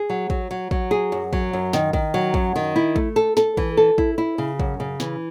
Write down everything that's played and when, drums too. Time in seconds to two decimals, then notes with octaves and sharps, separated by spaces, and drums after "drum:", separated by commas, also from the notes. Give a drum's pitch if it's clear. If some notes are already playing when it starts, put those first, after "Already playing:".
Already playing: G#4
0.10 F#3
0.30 F#3, drum: kick
0.51 F#3
0.71 F#3, drum: kick
0.91 G#4
1.12 F#2
1.33 F#3, drum: kick
1.53 F#2
1.73 D#3, drum: snare
1.93 D#3, drum: kick
2.14 F#3
2.34 F#2, drum: kick
2.56 D#3
2.76 E4
2.96 A3, drum: kick
3.16 A4
3.37 A4, drum: snare
3.57 E3, drum: kick
3.77 A4
3.98 E4, drum: kick
4.18 E4
4.38 C#3
4.60 F#2, drum: kick
4.80 C#3
5.00 E3, drum: snare